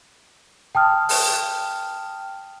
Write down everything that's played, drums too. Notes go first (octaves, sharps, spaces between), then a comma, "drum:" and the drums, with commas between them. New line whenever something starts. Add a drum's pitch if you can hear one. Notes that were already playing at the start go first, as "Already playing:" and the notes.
G5 A5 D#6 F6
drum: open hi-hat